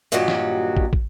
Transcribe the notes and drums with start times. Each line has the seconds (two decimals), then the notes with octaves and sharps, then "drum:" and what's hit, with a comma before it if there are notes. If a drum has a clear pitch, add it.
0.12 G2 A#2 D#3 F#3 F#4 G4
0.28 drum: snare
0.77 drum: kick
0.93 drum: kick